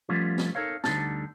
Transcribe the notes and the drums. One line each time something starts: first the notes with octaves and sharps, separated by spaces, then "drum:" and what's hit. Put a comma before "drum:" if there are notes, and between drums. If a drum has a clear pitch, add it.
F3 G3 A3 B3 C#4 F4
drum: snare
D#4 A4 A#4 C#5 F5
D2 D3 G3 D#4 F4 A5, drum: snare